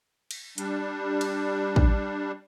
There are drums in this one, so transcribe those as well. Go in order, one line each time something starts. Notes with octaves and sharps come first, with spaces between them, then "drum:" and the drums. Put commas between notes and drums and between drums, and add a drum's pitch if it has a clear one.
drum: cymbal
G3 D4, drum: hi-hat
drum: cymbal
drum: kick